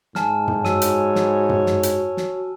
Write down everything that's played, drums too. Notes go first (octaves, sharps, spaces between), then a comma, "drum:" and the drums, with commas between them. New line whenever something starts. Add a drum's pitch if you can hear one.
G#2 G#5 A5 F6, drum: snare
drum: tom
F#4 C#5 E6 D#7, drum: snare
drum: hi-hat
drum: snare
drum: tom
drum: snare
drum: hi-hat
drum: snare